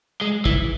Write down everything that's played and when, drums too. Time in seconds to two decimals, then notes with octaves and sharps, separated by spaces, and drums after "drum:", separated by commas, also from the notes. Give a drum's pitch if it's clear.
0.21 G#3
0.45 E3, drum: kick